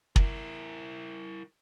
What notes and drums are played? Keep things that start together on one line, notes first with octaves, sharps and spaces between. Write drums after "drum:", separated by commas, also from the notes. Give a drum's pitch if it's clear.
E4 A#4, drum: kick